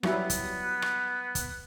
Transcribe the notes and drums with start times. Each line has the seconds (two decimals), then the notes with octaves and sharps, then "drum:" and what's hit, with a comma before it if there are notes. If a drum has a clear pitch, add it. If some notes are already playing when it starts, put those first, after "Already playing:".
0.03 F#3 G3 B3 E4, drum: rim click
0.30 drum: kick, hi-hat
0.82 drum: rim click
1.35 drum: kick, hi-hat